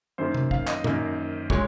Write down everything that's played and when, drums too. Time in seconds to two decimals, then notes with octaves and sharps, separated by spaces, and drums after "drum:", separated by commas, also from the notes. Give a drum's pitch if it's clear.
0.18 F#2 D#3 A#3 C5
0.35 drum: tom C3
0.51 F5, drum: kick
0.67 D#5, drum: clap
0.84 F#2 D#3 A#3, drum: tom A2
1.50 A#2 G#3 C#5, drum: kick